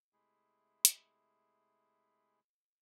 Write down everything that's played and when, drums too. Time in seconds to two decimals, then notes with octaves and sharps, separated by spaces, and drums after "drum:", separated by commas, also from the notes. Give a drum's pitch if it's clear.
0.13 C3 G#3 A3 E4 G#4
0.85 drum: hi-hat